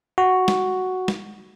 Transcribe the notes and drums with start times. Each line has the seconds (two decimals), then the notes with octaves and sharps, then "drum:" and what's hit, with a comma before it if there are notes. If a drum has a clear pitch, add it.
0.18 F#4
0.48 drum: snare
1.08 drum: snare